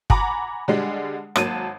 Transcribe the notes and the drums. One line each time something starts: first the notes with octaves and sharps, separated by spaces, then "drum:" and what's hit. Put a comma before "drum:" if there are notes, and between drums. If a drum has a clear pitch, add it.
F#5 G#5 A#5 B5 D6, drum: kick G1
D3 G3 G#3
G#1 F#3 A#3 A5 D#7, drum: rim click